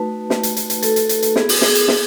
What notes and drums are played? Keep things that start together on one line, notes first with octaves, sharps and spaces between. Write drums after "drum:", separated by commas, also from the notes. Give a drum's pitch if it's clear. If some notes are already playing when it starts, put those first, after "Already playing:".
Already playing: A3 D#4 F#4 B4 A5
drum: snare
drum: hi-hat
drum: hi-hat
drum: hi-hat
A4, drum: hi-hat
drum: hi-hat
drum: hi-hat
drum: hi-hat
B3 E4 G#4, drum: snare
drum: open hi-hat
G#4, drum: snare
drum: hi-hat
G#4, drum: snare